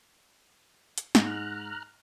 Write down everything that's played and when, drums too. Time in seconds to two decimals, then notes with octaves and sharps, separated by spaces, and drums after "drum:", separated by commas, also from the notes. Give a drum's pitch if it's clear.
0.98 drum: hi-hat
1.15 G#2 A#5 F6 F#6, drum: snare